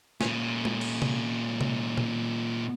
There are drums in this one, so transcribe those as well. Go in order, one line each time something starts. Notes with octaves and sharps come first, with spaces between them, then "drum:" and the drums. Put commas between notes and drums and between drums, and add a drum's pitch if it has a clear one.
A#2 C#4, drum: snare
drum: tom
drum: cymbal
drum: tom C3
drum: tom C3
drum: tom A#2